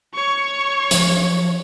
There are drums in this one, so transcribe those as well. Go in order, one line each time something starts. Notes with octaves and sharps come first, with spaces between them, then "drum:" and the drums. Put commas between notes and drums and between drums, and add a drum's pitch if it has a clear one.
C#5 C#6
F3 F#3, drum: hi-hat